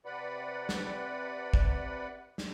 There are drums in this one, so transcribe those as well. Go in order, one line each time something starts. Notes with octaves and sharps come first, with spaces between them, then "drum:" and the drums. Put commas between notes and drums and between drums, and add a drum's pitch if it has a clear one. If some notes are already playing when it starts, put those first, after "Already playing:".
C3 B4 D5 F#5 B5
drum: snare
drum: kick
drum: snare